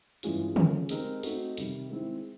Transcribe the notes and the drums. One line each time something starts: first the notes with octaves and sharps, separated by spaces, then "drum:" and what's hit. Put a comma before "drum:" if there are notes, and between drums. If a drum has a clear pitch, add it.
G2 E3 G#3 C#4 F4, drum: hi-hat
C#3 F3 G#3 C#4, drum: tom D3
G#3 C4 D#4 G4 A#4, drum: hi-hat
A3 C4 D#4 F#4, drum: open hi-hat
C3 D#3 G3, drum: hi-hat
D#3 G#3 C4 E4